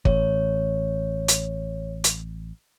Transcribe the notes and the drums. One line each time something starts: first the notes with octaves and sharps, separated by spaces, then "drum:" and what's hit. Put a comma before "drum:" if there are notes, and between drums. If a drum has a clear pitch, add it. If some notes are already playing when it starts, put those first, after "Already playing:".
A1 C#5, drum: kick
drum: hi-hat
drum: hi-hat